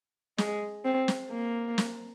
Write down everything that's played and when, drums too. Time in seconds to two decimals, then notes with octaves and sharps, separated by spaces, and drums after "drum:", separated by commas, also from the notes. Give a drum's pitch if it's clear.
0.38 G#3, drum: snare
0.85 C4
1.08 drum: snare
1.31 A#3
1.78 drum: snare